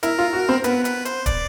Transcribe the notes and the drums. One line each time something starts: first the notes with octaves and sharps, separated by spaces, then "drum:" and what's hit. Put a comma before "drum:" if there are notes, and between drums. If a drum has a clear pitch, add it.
E4 A#4, drum: hi-hat
F4
F#4
C4
B3 B4, drum: hi-hat
B4, drum: hi-hat
C5, drum: hi-hat
D5, drum: kick, hi-hat